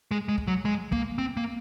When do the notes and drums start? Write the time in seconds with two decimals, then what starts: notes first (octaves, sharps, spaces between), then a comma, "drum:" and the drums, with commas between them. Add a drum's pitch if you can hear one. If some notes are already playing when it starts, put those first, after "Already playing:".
0.11 G#3
0.29 G#3
0.38 drum: kick
0.47 F#3
0.65 G#3
0.92 A#3, drum: kick
1.18 C4
1.37 A#3